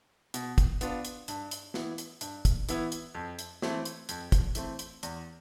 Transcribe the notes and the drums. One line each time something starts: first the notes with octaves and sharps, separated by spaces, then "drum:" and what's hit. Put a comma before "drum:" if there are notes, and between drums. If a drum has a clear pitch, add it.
B2, drum: hi-hat
drum: kick, hi-hat
B3 D4 F4, drum: hi-hat
drum: hi-hat
G2, drum: hi-hat
drum: hi-hat
E3 B3 E4, drum: snare
drum: hi-hat
G2, drum: hi-hat
drum: kick, hi-hat
E3 B3 E4, drum: hi-hat
drum: hi-hat
F2
drum: hi-hat
E3 A3 C4, drum: snare
drum: hi-hat
F2, drum: hi-hat
drum: kick, hi-hat
E3 A3 C4, drum: hi-hat
drum: hi-hat
E2, drum: hi-hat